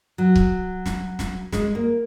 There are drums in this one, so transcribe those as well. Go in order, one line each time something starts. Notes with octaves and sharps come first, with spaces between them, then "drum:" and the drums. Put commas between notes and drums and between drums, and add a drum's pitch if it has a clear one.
F#3
drum: kick C#1
drum: snare
drum: snare
G#3, drum: snare
A#3